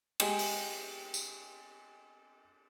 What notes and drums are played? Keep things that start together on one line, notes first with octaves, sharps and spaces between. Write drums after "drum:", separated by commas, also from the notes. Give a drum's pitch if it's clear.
G#3 G4, drum: cymbal
drum: open hi-hat
drum: tambourine